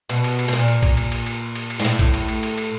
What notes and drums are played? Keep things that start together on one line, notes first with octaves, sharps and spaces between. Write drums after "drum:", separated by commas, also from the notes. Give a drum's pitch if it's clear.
B2, drum: cymbal
drum: cymbal
drum: cymbal
B2
A#2, drum: cymbal
drum: cymbal
drum: kick A#1, cymbal
drum: cymbal
drum: cymbal
drum: cymbal
drum: cymbal
drum: cymbal
G#2
A2, drum: cymbal
drum: kick A#1, cymbal
drum: cymbal
drum: cymbal
drum: cymbal
drum: cymbal